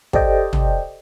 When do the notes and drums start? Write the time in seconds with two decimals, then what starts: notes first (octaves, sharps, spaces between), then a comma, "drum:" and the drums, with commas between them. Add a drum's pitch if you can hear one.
0.13 G4 A4 C5 D5 D#5 G5, drum: kick
0.53 drum: tom